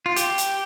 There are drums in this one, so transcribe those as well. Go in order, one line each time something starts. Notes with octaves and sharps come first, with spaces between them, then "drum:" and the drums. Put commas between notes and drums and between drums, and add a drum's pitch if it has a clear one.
F4
G4, drum: hi-hat
drum: hi-hat